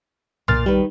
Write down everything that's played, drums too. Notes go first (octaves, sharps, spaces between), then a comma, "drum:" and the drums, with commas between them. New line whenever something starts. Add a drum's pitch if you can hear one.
A#2 C6 F6 A6, drum: tom B1
D#3 G3 B4